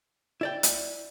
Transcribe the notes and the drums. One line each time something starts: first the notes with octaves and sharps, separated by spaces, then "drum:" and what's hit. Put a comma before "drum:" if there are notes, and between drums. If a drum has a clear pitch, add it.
E4 D5 G5
drum: hi-hat